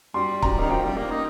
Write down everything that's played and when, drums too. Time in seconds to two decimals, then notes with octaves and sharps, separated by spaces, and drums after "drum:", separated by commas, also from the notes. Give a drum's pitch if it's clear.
0.14 G3 C6
0.42 A#5, drum: kick C#1
0.59 D#3
0.69 F3 G5
0.83 G3
0.97 A#3
1.11 D#4